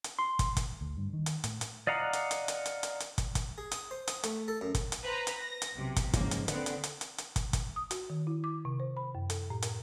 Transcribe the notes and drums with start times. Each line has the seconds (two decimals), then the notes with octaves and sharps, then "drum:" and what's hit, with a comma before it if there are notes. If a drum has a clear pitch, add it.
0.04 drum: hi-hat
0.19 C6
0.39 drum: kick, hi-hat
0.57 drum: kick, hi-hat
0.81 D2
0.97 G2
1.13 D#3
1.26 drum: hi-hat
1.44 A2, drum: hi-hat
1.61 drum: hi-hat
1.87 D5 D#5 F5 F#5 A#5
2.13 drum: hi-hat
2.31 drum: hi-hat
2.48 drum: hi-hat
2.66 drum: hi-hat
2.83 drum: hi-hat
3.00 drum: hi-hat
3.18 drum: kick, hi-hat
3.35 drum: kick, hi-hat
3.58 G#4
3.72 D#6, drum: hi-hat
3.91 C5
4.08 D#6, drum: hi-hat
4.24 A3, drum: hi-hat
4.48 A4
4.61 F#2
4.75 drum: kick, hi-hat
4.92 drum: hi-hat
5.03 B4 C5 A#5
5.27 drum: hi-hat
5.37 A#6
5.62 drum: hi-hat
5.75 B1 C3
5.96 drum: kick, hi-hat
6.13 D#2 G#2 C#3 F3 A#3, drum: kick, hi-hat
6.31 drum: hi-hat
6.48 D3 B3 C4, drum: hi-hat
6.66 drum: hi-hat
6.84 drum: hi-hat
7.01 drum: hi-hat
7.18 drum: hi-hat
7.36 drum: kick, hi-hat
7.53 drum: kick, hi-hat
7.76 D#6
7.91 F#4, drum: hi-hat
8.10 D#3
8.27 E4
8.44 D6
8.65 C3
8.80 C5
8.97 B5
9.15 F#2
9.30 A4, drum: hi-hat
9.50 A2
9.62 A#4, drum: hi-hat